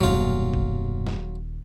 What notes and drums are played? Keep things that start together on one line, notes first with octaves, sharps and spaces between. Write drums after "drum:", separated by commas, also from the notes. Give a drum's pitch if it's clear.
D#1 F#2 B2 F#3 G3 C#4 F4
drum: kick G1
drum: snare